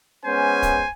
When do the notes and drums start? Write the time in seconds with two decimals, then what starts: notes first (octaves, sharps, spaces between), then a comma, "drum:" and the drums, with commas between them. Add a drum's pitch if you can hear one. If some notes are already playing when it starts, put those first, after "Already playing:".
0.25 G#3 B3 C#4 C5 G#5
0.63 drum: kick, hi-hat